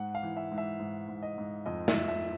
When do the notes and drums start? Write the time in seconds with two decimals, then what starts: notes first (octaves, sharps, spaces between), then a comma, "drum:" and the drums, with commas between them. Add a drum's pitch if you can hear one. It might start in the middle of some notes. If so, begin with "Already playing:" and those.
Already playing: G#2 F#5
0.15 F5
0.23 E3
0.37 E5
0.51 G#2
0.58 E5
0.79 G#2
1.09 G#2
1.23 D#5
1.38 G#2
1.66 F2 D#5
1.88 E5, drum: snare
1.94 F2
2.08 E5